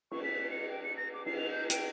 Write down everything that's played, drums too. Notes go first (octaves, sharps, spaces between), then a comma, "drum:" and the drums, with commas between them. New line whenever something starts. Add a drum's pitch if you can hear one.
C#6, drum: cymbal
B6
C#7
G5
C#7
A#6
D6
C7, drum: cymbal
F7
G6
G5, drum: hi-hat